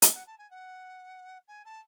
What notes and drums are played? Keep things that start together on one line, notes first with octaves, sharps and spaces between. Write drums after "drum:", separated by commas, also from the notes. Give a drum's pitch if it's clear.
D#5, drum: hi-hat
F#5
A5
G#5
F#5
G#5
A5